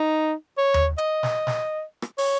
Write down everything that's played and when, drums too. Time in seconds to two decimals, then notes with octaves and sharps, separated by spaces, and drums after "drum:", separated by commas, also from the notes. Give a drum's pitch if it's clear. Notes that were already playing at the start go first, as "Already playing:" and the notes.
Already playing: D#4
0.58 C#5
0.74 drum: tom D#2
0.98 D#5, drum: hi-hat
1.23 drum: snare
1.47 drum: snare
2.02 drum: rim click
2.18 C#5, drum: open hi-hat